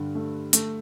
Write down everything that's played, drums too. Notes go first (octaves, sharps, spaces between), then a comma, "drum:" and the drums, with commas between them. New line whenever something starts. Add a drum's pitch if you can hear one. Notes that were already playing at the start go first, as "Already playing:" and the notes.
Already playing: G2 D3
A3
A3, drum: hi-hat